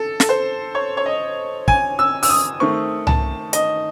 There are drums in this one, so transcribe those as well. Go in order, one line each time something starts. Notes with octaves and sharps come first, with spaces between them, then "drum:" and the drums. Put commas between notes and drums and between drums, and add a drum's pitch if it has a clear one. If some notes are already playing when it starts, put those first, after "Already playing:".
Already playing: A4
A4, drum: snare
C5
C#5
C#5
D#5
G#5, drum: kick
E6
E6, drum: open hi-hat
D#6
D#3 A3 C4 C#6
A5, drum: tom C2
D#5, drum: hi-hat